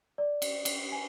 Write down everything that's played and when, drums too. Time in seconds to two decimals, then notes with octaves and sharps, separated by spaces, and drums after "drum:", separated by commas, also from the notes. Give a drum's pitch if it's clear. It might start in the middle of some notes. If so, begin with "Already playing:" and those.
0.18 D5
0.42 drum: cymbal
0.65 drum: cymbal
0.92 G#5